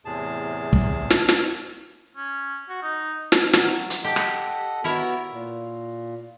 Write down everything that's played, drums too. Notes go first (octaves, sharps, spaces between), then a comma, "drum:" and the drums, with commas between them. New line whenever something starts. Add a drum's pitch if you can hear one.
E2 A2 C3 G#4 A5
drum: kick
drum: snare
drum: snare
C#4
F#4
D#4
drum: snare
F#3, drum: snare
drum: hi-hat
G4 A4 D#5 F#5
drum: rim click
B3 E4 F#4 A#4 C#5
A#2